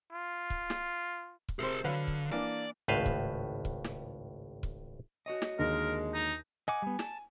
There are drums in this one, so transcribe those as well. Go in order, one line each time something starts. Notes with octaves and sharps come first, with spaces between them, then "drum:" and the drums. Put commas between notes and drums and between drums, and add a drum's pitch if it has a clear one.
F4
drum: kick
drum: snare
drum: kick
C3 G#4 A#4 C5
D3 F#3 B4 F5
drum: kick
E3 A#3 D4 D5
G#1 C#2 A2 B4 C5 F5
drum: kick
drum: kick
drum: snare
drum: kick
F#4 C#5 D#5
drum: snare
D#2 D3 G#3 A#4
D#4
D#5 F#5 G#5 D6
G3 B3
A5, drum: snare